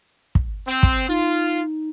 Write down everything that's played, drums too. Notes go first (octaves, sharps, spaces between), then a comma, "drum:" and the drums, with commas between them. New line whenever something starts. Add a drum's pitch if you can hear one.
drum: kick
C4
drum: kick
D#4 F4